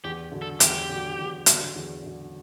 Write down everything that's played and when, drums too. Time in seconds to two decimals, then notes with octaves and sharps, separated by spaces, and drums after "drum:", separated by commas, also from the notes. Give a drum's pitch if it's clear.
0.04 E2 G4
0.32 D3 F#3
0.42 A4
0.60 E2 G4, drum: hi-hat
0.89 D3 F#3
1.18 E2
1.46 D3 F#3, drum: hi-hat
1.75 E2
2.03 D3 F#3